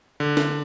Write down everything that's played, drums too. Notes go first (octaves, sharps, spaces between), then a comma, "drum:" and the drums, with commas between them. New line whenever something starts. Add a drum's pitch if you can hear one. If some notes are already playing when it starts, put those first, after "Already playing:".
D3
drum: snare